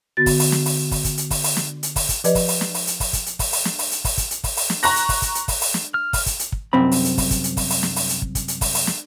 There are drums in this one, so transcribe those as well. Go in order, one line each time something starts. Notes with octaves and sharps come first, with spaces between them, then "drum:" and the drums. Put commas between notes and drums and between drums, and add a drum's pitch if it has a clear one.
D3 B3 F#4 A6
drum: kick, open hi-hat
drum: open hi-hat
drum: snare
drum: open hi-hat
drum: kick, open hi-hat
drum: kick, hi-hat
drum: hi-hat
drum: kick, open hi-hat
drum: open hi-hat
drum: snare
drum: hi-hat
drum: kick, open hi-hat
drum: kick, hi-hat
F3 G4 B4 D5 D#5, drum: hi-hat
drum: kick, open hi-hat
drum: open hi-hat
drum: snare
drum: open hi-hat
drum: hi-hat
drum: kick, open hi-hat
drum: kick, hi-hat
drum: hi-hat
drum: kick, open hi-hat
drum: open hi-hat
drum: snare
drum: open hi-hat
drum: hi-hat
drum: kick, open hi-hat
drum: kick, hi-hat
drum: hi-hat
drum: kick, open hi-hat
drum: open hi-hat
drum: snare
A#5 C#6 F#6 A#6, drum: open hi-hat
drum: hi-hat
drum: kick, open hi-hat
drum: kick, hi-hat
drum: hi-hat
drum: kick, open hi-hat
drum: open hi-hat
drum: snare
F6
drum: kick, open hi-hat
drum: kick, hi-hat
drum: hi-hat
drum: kick
C2 F#2 C4 B5
drum: open hi-hat
drum: hi-hat
drum: kick, open hi-hat
drum: kick, hi-hat
drum: hi-hat
drum: kick, open hi-hat
drum: open hi-hat
drum: snare
drum: open hi-hat
drum: hi-hat
drum: kick
drum: kick, hi-hat
drum: hi-hat
drum: kick, open hi-hat
drum: open hi-hat
drum: snare